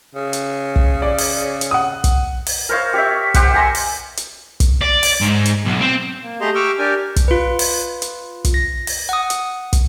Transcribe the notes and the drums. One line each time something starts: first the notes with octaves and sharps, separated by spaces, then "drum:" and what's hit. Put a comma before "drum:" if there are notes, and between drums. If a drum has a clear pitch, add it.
C#3
drum: hi-hat
drum: kick
D5
drum: open hi-hat
drum: hi-hat
F#5 D#6
drum: kick, hi-hat
drum: open hi-hat
A#4 C5 C#5 F5
G4 C#5 E5
G4 C5 F#5, drum: kick, hi-hat
G#5 A#5 C6
drum: open hi-hat
drum: hi-hat
drum: kick, hi-hat
D5
drum: open hi-hat
G#2
drum: hi-hat
B1
C4
A#3
A3 G4 G#4 D#5 A#5 C6
G4 C#6 D6 E6 F6
D4 G4 A#4 G#5
drum: kick, hi-hat
F4 B4
drum: open hi-hat
drum: hi-hat
drum: kick, hi-hat
A#6
drum: open hi-hat
F#5 D#6
drum: hi-hat
drum: kick, hi-hat